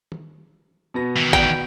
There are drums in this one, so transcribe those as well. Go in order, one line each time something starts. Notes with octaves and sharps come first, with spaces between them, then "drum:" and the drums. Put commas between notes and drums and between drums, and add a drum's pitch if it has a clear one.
drum: tom
B2 B3 A#6
D#3 E3
G5, drum: kick G#1